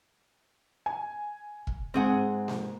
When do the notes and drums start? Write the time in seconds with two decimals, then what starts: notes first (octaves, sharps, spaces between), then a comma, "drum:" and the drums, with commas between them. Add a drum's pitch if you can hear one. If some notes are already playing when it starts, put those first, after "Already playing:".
0.86 G#5
1.67 drum: kick
1.94 G#2 C4 G#4 F#5
2.48 drum: snare A#3